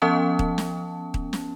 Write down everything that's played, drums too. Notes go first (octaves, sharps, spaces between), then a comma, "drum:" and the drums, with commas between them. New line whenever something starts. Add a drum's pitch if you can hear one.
F3 B3 C#4 A5
drum: kick D#1
drum: snare
drum: kick D#1
drum: snare